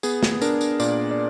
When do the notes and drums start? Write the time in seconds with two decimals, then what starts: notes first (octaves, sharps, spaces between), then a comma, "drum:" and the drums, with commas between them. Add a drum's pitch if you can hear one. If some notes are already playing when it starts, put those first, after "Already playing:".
0.03 B3 G#4, drum: tambourine
0.23 drum: snare
0.41 D4 A#4, drum: tambourine
0.61 drum: tambourine
0.80 A#2 D5, drum: tambourine
1.11 D5